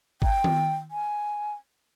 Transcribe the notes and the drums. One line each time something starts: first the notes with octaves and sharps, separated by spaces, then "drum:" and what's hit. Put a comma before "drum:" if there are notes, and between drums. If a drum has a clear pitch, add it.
G5, drum: kick
drum: tom D#3
G#5